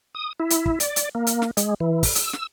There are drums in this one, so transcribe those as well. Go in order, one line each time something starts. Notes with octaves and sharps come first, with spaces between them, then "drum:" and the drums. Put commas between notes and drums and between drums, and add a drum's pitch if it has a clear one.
D#6
E4
drum: hi-hat
drum: kick
D5, drum: hi-hat
drum: hi-hat
A#3
drum: hi-hat
drum: snare
G#3, drum: hi-hat
E3
drum: kick, open hi-hat
E6, drum: hi-hat
drum: snare